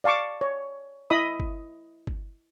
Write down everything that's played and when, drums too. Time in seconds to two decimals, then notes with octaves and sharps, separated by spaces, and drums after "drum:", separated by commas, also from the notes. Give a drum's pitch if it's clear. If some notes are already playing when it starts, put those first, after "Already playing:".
0.04 D5 F5 A5 C#6 D6
0.41 C#5
1.10 E4 D#5 B5 D#6
1.40 drum: kick G1
2.07 drum: kick G1